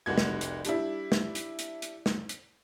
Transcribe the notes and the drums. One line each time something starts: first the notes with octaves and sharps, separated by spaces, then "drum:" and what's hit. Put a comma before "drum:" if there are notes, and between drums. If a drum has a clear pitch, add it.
F1 C2 F#4 G#6
drum: snare
drum: hi-hat
G3 D4 E4, drum: hi-hat
drum: snare
drum: hi-hat
drum: hi-hat
drum: hi-hat
drum: snare
drum: hi-hat